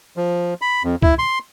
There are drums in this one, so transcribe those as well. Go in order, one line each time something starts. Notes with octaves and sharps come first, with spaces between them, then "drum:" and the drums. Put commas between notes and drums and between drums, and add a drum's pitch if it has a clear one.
F3
B5
F2
E4, drum: kick C#2
C6